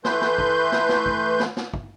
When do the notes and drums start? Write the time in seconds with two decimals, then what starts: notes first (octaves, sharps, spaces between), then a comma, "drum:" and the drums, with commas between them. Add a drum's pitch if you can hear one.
0.05 E3 A3 B4 C6 G6, drum: snare
0.21 drum: snare
0.38 drum: kick
0.72 drum: snare
0.89 drum: snare
1.06 drum: kick
1.40 drum: snare
1.57 drum: snare
1.73 drum: kick